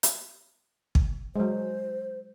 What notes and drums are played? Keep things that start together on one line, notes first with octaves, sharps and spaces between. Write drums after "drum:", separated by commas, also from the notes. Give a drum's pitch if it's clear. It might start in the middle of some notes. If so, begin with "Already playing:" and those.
drum: hi-hat
drum: kick
F#3 G#3 C5